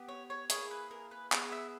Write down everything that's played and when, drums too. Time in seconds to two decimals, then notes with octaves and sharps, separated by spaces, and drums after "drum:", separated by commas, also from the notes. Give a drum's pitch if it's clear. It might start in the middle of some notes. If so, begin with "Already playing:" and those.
Already playing: B3 G4
0.08 C#5
0.30 C#5
0.50 A#3 E4 G#4 C#5, drum: hi-hat
0.71 B4
0.91 A#4
1.11 B4
1.32 B3 E4 G#4 C#5, drum: clap
1.52 E5